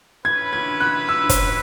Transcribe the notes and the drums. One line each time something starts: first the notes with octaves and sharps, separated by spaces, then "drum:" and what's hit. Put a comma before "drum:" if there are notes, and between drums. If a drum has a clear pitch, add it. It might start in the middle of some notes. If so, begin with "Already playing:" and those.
C#4 E4 B4 G#6
G#6
F#6
E6
drum: kick, hi-hat